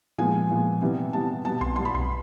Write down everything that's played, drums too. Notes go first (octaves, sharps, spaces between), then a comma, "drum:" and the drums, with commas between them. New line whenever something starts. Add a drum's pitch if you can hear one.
A#2 F3 G#3 B3 G#5
A#2 F3 G#3 B3
C3 E3 G3 B3
C3 E3 G3 B3 A5
B2 G3 B3 A5
C6, drum: kick B1
B2 G3 B3 C6
B5
C6, drum: kick B1